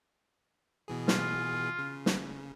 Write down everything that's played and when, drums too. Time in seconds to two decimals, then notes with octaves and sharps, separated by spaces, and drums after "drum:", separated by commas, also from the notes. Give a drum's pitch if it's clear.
0.88 B2 E3 G#4
1.08 F4, drum: snare
1.79 C#3
2.06 drum: snare